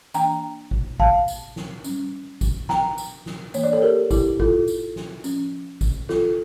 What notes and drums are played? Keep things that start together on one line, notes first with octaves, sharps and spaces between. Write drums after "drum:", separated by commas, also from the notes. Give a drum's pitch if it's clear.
E3 A#3 D4 G5 A#5, drum: tambourine
drum: kick G#1
F5 A5, drum: kick G#1
drum: tambourine
drum: snare
G3 C#4, drum: tambourine
drum: kick G#1, tambourine
G5 A#5, drum: snare
drum: tambourine
drum: snare
E3 A#3 D4 C#5, drum: tambourine
D5
A4 C#5
G4 A#4
E4 G4, drum: kick G#1, tambourine
F4 A4, drum: kick G#1
drum: tambourine
drum: snare
F3 C#4, drum: tambourine
drum: kick G#1, tambourine
F4 A4, drum: snare